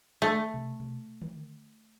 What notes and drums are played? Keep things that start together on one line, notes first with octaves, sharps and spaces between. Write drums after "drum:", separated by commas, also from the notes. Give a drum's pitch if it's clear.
A3
drum: tom B2
drum: tom B2
drum: tom D3